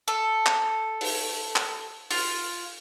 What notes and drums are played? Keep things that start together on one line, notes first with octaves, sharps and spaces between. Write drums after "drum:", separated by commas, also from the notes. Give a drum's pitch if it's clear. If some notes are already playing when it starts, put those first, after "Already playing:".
A4
drum: clap
drum: open hi-hat
drum: clap
F4, drum: open hi-hat